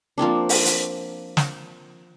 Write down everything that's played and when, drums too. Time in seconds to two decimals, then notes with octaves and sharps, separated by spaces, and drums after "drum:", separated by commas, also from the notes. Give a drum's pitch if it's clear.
0.18 F3 A#3 C4 D4
0.49 drum: open hi-hat
0.65 drum: hi-hat
1.37 drum: snare